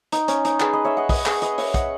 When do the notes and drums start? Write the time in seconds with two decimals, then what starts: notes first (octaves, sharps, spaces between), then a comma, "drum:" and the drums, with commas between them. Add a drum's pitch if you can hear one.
0.12 D#4, drum: hi-hat
0.28 C#4, drum: hi-hat
0.45 D#4, drum: hi-hat
0.60 G#4 B4, drum: clap
0.73 B4 D#5
0.85 C#5 E5
0.97 D#5 F#5
1.09 B4 D#5, drum: kick, open hi-hat
1.26 G#4 B4, drum: clap
1.42 B4 D#5, drum: hi-hat
1.58 C#5 E5, drum: open hi-hat
1.74 D#5 F#5, drum: kick, hi-hat